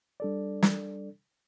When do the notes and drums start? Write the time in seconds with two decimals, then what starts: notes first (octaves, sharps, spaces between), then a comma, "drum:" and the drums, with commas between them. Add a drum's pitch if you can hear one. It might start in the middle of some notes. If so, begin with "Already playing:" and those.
0.20 G3 D4 A4 D5
0.62 drum: snare